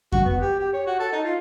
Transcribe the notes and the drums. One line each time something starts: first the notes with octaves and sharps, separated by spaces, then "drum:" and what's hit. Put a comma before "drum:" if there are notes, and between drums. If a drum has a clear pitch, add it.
F#4, drum: kick F2
B3
G4
G4
C#5
F#4
A4
D#4
F4